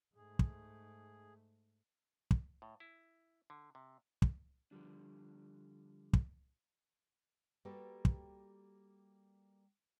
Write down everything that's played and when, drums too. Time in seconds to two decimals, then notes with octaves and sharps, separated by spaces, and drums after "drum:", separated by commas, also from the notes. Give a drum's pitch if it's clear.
0.15 G#2 A3 G#4
0.39 drum: kick
2.31 drum: kick
2.62 A2
2.80 E4
3.50 D3
3.75 C3
4.22 drum: kick
4.71 D3 F3 G3 D4
6.13 drum: kick
7.65 G3 A#3 F#4 G4 A4 B4
8.05 drum: kick